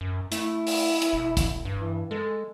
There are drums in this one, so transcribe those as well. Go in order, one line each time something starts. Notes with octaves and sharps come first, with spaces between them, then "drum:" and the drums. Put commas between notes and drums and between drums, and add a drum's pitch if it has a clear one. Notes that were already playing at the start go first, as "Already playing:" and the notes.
F#2
A3 E4, drum: hi-hat
drum: open hi-hat
drum: hi-hat
E1
drum: kick, hi-hat
G2
E3
G#3 A4